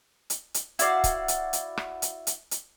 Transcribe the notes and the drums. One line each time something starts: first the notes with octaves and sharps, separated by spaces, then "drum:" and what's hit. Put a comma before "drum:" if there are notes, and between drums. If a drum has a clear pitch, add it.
drum: hi-hat
drum: hi-hat
E4 F#4 D5 F5, drum: hi-hat
drum: kick C#1, hi-hat
drum: hi-hat
drum: hi-hat
drum: rim click
drum: hi-hat
drum: hi-hat
drum: hi-hat